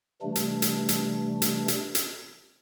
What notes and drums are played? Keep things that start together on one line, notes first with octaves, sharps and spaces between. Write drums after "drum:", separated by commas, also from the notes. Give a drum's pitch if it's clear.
C3 E3 G3 A3 D4
drum: hi-hat
drum: hi-hat
drum: hi-hat
drum: hi-hat
drum: hi-hat
drum: hi-hat